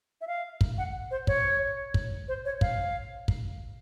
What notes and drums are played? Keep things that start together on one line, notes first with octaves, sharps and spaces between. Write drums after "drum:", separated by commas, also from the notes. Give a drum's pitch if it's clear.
E5
F5
drum: kick
F#5
C5
C#5, drum: kick
drum: kick
C5
C#5
F5, drum: kick
drum: kick